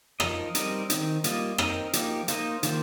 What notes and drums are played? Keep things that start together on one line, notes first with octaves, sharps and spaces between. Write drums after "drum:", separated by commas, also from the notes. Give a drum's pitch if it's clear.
F3 D#4 A#4 D#5, drum: rim click
G3 C4 D#4 A#4 D#5, drum: hi-hat
D#3 C4 D#4, drum: hi-hat
G3 A#3 F4 D#5, drum: hi-hat
C4 D#4 A#4 D#5, drum: rim click
F3 A#3 D#4 G4, drum: hi-hat
A#3 D#4 C5 D#5, drum: hi-hat
D#3 A#3 F4 C5, drum: hi-hat